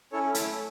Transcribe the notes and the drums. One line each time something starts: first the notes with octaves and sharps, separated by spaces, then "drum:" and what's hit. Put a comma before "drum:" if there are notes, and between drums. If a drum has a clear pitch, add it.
C#4 E4 A4 C#5
A3 A4 C#5, drum: hi-hat